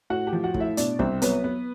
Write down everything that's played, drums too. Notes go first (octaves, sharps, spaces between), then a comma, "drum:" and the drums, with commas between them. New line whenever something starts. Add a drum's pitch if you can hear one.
A2 F#4 F#5
G4 G5
F3
F#4 F#5
A2, drum: kick
E4 E5
B2 D4 D5, drum: hi-hat
C2 C4 C5, drum: kick
F#3 B3 B4, drum: hi-hat
B3